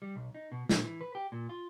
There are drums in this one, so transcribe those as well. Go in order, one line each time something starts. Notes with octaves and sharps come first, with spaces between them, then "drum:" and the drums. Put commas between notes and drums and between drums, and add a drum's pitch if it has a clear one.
G3
B1
D#4
B2
A#2, drum: snare
E3
B4
G4
A#2
F4